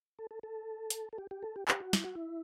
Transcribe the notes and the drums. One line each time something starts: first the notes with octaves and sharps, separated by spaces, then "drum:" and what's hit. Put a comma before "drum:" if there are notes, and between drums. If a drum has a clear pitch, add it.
A4
A4
A4
drum: hi-hat
A4
G4
G4
A4
G4
G4, drum: clap
F#4
E4, drum: snare
F#4
E4